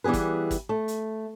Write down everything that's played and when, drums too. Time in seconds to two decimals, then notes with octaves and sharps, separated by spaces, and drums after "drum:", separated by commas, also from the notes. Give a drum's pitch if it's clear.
0.04 E3 G3 B3 G#4 B4
0.13 drum: kick, hi-hat
0.51 drum: kick, hi-hat
0.69 A3
0.88 drum: hi-hat